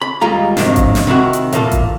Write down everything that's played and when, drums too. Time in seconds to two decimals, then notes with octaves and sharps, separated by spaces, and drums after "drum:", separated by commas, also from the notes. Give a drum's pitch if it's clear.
0.02 B5
0.21 D#2 G3 G#3 F4 A#5
0.57 F2 G#2 C3 D#3 F#3 D4, drum: snare
0.76 drum: kick A1, hi-hat
0.95 drum: snare
1.07 C3 D#3 E4 F#4
1.33 drum: hi-hat
1.53 E2 A#2 A#3 A4, drum: hi-hat
1.71 drum: kick A1, hi-hat